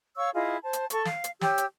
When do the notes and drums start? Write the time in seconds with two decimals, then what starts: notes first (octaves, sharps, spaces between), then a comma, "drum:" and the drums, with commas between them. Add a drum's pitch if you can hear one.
0.17 C#5 F5 C#6 E6
0.34 E4 F4 G#4 D#5
0.62 C5 A5
0.73 drum: hi-hat
0.90 A4 C#6, drum: hi-hat
1.05 F5, drum: snare
1.24 drum: hi-hat
1.41 G4 C#5 E6, drum: snare
1.58 drum: hi-hat